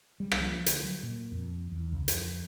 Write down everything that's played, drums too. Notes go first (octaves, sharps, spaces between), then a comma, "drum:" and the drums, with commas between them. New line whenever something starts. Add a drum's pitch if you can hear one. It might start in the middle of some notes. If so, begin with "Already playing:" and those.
G3
drum: rim click
F3
D2, drum: hi-hat
F#3
A#2
F2
E2
C#2
F2, drum: hi-hat